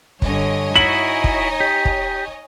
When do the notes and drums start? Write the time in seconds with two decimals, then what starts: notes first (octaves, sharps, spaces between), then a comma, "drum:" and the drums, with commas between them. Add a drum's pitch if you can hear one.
0.22 G2 D3 C#5 D#5 G#5, drum: kick
0.76 D#4 E4 F#4 E5 F#7
1.24 drum: kick
1.60 G4
1.85 drum: kick